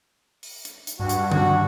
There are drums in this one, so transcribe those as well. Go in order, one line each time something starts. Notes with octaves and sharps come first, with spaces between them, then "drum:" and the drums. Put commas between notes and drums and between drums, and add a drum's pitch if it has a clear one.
drum: open hi-hat
drum: hi-hat
drum: hi-hat
G2 F#4
drum: hi-hat
F#4, drum: tom